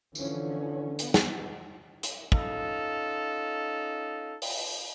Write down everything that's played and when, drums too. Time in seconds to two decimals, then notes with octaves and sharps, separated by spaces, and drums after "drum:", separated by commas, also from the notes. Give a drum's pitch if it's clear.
0.15 D3 E3 F3 C#4, drum: tambourine
0.99 B3, drum: hi-hat
1.14 drum: snare
2.03 drum: hi-hat
2.32 C#4 D#4 F4 A4, drum: kick
4.42 drum: open hi-hat